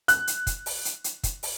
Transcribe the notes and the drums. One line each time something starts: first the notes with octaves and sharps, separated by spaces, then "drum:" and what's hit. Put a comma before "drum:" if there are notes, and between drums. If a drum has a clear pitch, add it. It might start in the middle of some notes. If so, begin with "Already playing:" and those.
F#6, drum: hi-hat
drum: hi-hat
drum: kick, hi-hat
drum: open hi-hat
drum: hi-hat
drum: hi-hat
drum: kick, hi-hat
drum: open hi-hat